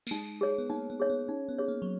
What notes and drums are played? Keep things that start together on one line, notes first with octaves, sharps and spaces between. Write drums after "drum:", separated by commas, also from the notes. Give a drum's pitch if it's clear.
A#3, drum: tambourine
G#3 D#4
G#4 C#5
B3
A#3 D#4
B3
G#4 C#5
B3
C#4 D#4
B3
G#4 C#5
A#3
F#3